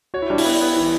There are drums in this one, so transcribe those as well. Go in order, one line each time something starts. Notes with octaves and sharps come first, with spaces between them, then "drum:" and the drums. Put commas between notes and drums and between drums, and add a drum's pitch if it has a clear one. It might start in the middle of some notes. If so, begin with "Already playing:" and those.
F#4 C#5
E4
G3 D4
E4, drum: open hi-hat
B3
B3
E3